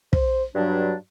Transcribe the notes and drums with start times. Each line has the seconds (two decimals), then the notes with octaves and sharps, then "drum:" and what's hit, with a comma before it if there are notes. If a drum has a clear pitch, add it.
0.13 C5, drum: kick
0.55 G2 F#3 D4